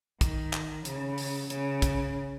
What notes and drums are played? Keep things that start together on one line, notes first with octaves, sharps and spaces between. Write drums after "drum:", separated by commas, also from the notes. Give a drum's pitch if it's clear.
D#3, drum: kick, hi-hat
drum: clap
C#3, drum: hi-hat
drum: open hi-hat
C#3, drum: hi-hat
drum: kick, hi-hat